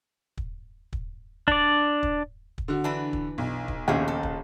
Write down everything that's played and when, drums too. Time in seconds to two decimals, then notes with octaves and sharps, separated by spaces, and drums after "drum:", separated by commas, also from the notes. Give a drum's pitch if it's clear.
0.37 drum: kick
0.93 drum: kick
1.48 D4 D5, drum: kick
2.03 drum: kick
2.58 drum: kick
2.68 D3 F#4
2.84 E3 D4 B4
3.13 drum: kick
3.38 B1
3.68 drum: kick
3.88 A#1 D#2 C#3 A3 G#4
4.08 A4
4.23 drum: kick